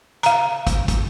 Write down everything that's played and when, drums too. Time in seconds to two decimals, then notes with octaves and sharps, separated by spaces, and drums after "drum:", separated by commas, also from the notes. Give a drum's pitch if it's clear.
0.23 F5 A#5, drum: hi-hat
0.67 drum: kick, hi-hat
0.88 drum: kick, hi-hat